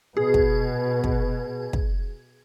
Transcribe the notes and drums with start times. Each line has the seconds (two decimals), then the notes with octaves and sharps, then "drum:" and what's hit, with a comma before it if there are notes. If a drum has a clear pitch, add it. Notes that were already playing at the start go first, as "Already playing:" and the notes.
0.17 B2 G#4
0.34 drum: kick
1.04 drum: kick
1.73 drum: kick